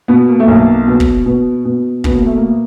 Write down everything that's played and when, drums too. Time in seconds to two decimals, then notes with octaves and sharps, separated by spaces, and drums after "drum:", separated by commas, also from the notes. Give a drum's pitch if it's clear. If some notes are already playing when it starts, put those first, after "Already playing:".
0.08 B2 B3
0.28 A#3
0.40 A3
0.48 B1 A#3
0.88 B2
1.00 drum: kick
1.26 B2
1.65 B2
2.04 B2 B3, drum: kick
2.15 A#3
2.26 A3
2.37 A#3